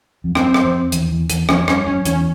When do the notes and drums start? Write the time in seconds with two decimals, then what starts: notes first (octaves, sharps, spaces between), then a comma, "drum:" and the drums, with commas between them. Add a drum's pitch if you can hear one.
0.24 F2
0.35 F#2 C4, drum: rim click
0.54 drum: rim click
0.64 F2
0.92 E2, drum: hi-hat
1.11 E2
1.30 E2, drum: hi-hat
1.49 F2 C#4, drum: rim click
1.68 G2 C#4, drum: rim click
1.86 F#2 C#4
2.05 E2 C#4, drum: hi-hat